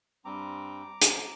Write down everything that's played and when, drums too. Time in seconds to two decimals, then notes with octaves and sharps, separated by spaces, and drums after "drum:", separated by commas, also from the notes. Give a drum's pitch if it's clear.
0.25 G2 G3 C4 A#5 D6
1.02 drum: hi-hat